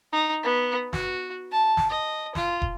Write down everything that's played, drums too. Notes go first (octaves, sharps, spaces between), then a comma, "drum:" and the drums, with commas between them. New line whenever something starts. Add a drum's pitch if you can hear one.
D#4
B3
F#4, drum: snare
A5
drum: snare
D#5
F4, drum: snare
drum: kick